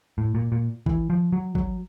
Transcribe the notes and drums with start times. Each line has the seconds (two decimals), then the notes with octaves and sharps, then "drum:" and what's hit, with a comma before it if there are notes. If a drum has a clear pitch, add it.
0.18 A2
0.35 A#2
0.52 A#2
0.86 E3, drum: kick
1.10 F3
1.33 F#3
1.55 F#3, drum: kick